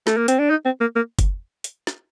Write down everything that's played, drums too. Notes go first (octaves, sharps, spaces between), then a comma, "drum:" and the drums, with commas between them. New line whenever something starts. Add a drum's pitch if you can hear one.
A3, drum: snare
A#3
C4, drum: hi-hat
D4
D#4
C4
A#3
A#3
drum: kick F#1, hi-hat
drum: hi-hat
drum: snare